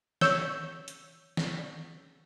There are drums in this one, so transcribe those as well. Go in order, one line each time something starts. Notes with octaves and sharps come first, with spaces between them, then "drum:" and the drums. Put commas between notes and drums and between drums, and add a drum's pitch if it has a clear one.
C#5 E6 G6, drum: snare
drum: hi-hat
drum: snare